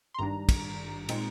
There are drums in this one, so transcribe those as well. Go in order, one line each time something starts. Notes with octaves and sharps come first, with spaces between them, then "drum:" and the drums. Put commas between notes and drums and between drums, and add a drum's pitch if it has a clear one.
C6
G#1 G2 D#3 G3 D4 A#5
drum: kick, cymbal
A#2 G#3 C4 D#4, drum: cymbal